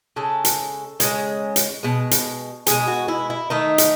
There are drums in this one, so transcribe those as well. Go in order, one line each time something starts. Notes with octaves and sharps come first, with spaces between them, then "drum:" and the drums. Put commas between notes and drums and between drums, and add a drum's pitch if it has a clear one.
C#3 G#3 A4
drum: hi-hat
C#3 G#3, drum: hi-hat
drum: hi-hat
B2 G#3
drum: hi-hat
B2 G#3 G#4, drum: hi-hat
F#4
E4
E4
D#3 A3 D#4
drum: hi-hat